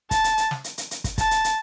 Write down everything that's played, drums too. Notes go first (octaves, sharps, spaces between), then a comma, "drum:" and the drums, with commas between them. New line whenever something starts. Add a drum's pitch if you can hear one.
A5, drum: kick, hi-hat
drum: hi-hat
drum: hi-hat
drum: snare
drum: hi-hat
drum: hi-hat
drum: hi-hat
drum: kick, hi-hat
A5, drum: kick, hi-hat
drum: hi-hat
drum: hi-hat